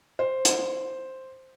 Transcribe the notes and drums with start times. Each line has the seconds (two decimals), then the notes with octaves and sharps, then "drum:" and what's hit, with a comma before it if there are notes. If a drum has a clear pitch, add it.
0.19 C5
0.45 drum: hi-hat